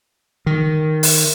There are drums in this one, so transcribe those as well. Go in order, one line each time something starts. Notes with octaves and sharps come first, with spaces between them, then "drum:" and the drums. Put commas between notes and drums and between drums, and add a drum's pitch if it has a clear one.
D#3
drum: open hi-hat